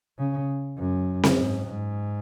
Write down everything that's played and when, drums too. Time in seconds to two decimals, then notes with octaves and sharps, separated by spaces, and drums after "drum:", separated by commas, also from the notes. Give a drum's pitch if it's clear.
0.18 C#3
0.78 F#2
1.23 drum: snare C4
1.38 G#2
1.68 G#2